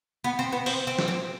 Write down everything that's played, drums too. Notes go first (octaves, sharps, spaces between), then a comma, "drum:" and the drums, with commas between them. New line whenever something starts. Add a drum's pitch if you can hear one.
B3
C4
B3
C4, drum: open hi-hat
C4
drum: snare
C4